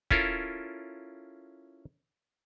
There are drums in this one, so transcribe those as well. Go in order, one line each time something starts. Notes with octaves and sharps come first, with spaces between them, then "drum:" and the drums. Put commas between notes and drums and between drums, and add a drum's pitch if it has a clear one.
C#4 E4 F4 A4 A#4, drum: kick